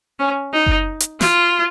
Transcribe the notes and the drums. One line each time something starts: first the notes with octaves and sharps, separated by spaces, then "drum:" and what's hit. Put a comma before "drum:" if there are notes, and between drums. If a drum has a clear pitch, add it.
C#4
D#4
drum: kick F#1
drum: hi-hat
F4, drum: snare